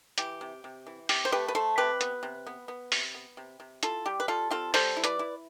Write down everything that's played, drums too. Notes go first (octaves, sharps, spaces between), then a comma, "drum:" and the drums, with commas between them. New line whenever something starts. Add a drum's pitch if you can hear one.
E3 G4, drum: hi-hat
C3
C3
E3
C3 G4, drum: open hi-hat
C5
A3 G4 B4
B4
A3 A4 C5
C3 G4 B4
B3, drum: hi-hat
C3
B3
B3
C3, drum: open hi-hat
B3
C3
C3
E4 F4 A4, drum: hi-hat
G3 G4
B4
G3 F4 A4
C4 F4 A4
G3 A4 C5, drum: open hi-hat
E4
B4 D5, drum: hi-hat
E4